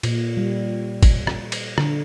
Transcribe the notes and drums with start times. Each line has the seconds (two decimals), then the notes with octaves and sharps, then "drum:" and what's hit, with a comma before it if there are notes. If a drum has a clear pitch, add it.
0.03 A#2, drum: cymbal
0.37 G3
1.03 drum: kick, cymbal
1.27 drum: rim click
1.52 drum: cymbal
1.78 D3, drum: rim click